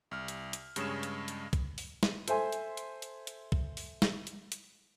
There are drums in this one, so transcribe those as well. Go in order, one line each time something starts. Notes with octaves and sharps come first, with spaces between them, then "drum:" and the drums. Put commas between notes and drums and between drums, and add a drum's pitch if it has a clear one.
C2 F6
drum: hi-hat
drum: hi-hat
G2 C#3 G#3 C#5 D#6 E7, drum: hi-hat
drum: hi-hat
drum: hi-hat
drum: kick, hi-hat
drum: open hi-hat
drum: snare
A4 C5 E5 G#5 C6, drum: hi-hat
drum: hi-hat
drum: hi-hat
drum: hi-hat
drum: hi-hat
drum: kick
drum: open hi-hat
drum: snare
drum: hi-hat
drum: hi-hat